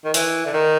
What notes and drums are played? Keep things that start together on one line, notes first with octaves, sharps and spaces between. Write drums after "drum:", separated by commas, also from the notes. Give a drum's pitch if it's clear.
D#3
E3, drum: hi-hat
D3
D#3